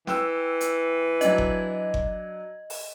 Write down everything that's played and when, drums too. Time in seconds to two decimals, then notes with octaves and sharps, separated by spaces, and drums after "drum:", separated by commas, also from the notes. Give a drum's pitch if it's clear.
0.07 E3 G5 E6, drum: snare
0.61 drum: hi-hat
1.21 F#3 D4 D#5 G#6, drum: hi-hat
1.38 drum: kick G1
1.94 drum: kick G1
2.70 drum: open hi-hat